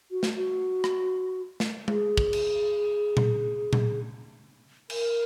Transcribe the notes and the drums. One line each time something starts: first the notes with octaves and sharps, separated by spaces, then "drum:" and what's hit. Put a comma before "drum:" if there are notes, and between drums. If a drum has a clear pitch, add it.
F#4
drum: snare
F#4
drum: rim click
drum: snare
G#4, drum: tom G#3
drum: kick
drum: cymbal
drum: tom A#2
drum: tom A#2
A#4, drum: cymbal